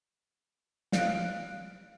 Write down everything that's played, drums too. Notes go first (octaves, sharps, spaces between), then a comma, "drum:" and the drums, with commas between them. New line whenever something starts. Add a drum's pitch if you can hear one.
F5 F#6 D7, drum: snare